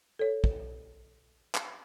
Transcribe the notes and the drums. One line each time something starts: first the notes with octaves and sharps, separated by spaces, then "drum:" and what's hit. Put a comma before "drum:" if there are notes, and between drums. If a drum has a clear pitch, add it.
A4 C#5
drum: kick
drum: clap